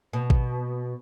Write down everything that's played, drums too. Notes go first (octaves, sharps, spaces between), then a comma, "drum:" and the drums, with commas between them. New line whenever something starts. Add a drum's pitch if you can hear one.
B2
drum: kick A1